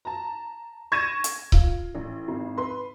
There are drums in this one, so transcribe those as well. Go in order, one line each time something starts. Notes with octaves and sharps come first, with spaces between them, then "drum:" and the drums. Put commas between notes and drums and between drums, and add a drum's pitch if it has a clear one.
A5 A#5
C#6 G#6 A#6 D#7 E7
drum: hi-hat
F4, drum: kick C#1
A1
G#1
B4 B5 C6